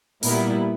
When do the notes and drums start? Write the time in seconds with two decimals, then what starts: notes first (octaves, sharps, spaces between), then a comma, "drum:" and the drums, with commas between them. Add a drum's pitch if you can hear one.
0.23 A#2 G3 B3 E4 A#4, drum: open hi-hat